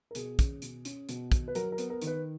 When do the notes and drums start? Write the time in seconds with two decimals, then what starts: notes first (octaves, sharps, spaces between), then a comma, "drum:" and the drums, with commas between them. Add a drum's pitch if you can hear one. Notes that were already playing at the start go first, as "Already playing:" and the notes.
0.11 A#4
0.15 B2 G#4, drum: hi-hat
0.39 C#4, drum: kick, hi-hat
0.62 B2, drum: hi-hat
0.85 C#4, drum: hi-hat
1.09 B2, drum: hi-hat
1.32 B2, drum: kick, hi-hat
1.48 B4
1.55 F#3 A#4, drum: hi-hat
1.72 A#4
1.78 B3, drum: hi-hat
1.90 A#4
2.02 D#3, drum: hi-hat
2.07 B4